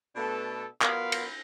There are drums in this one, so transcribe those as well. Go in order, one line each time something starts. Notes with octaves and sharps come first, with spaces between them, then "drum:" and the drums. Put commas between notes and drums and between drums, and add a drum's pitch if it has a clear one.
B2 A3 B3 D4 A4
F#3 B3 F4 A#4 F5 B5, drum: clap
drum: cymbal